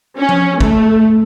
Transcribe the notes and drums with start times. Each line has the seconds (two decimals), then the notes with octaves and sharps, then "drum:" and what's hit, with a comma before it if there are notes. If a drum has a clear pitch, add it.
0.18 C#4
0.29 drum: tom F3
0.61 A3, drum: kick